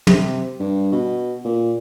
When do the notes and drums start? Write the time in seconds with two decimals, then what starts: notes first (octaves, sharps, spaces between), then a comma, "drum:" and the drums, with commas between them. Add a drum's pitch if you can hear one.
0.07 C3, drum: tom
0.60 G2
0.92 B2
1.44 A#2